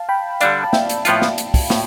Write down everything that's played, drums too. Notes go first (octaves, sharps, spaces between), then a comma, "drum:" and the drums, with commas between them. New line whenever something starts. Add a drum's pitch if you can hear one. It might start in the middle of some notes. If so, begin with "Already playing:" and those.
Already playing: F5 A5
G5 B5
D3 G3 D4 D5 F5, drum: hi-hat
A5
E5 G5, drum: snare
drum: hi-hat
A2 F3 B3 F4, drum: hi-hat
drum: snare
drum: hi-hat
drum: kick, open hi-hat
A2, drum: snare